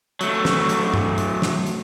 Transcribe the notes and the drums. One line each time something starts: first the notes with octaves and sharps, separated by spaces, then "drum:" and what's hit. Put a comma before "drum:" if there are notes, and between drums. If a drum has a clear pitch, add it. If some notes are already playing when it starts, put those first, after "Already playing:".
F#3 A3, drum: hi-hat
drum: snare
drum: hi-hat
drum: tom G2
drum: hi-hat
drum: snare
drum: hi-hat